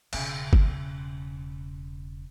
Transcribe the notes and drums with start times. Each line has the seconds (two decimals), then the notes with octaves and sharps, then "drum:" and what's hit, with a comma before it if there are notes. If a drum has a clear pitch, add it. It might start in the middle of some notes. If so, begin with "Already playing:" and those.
0.13 E1 C#3, drum: cymbal
0.53 drum: kick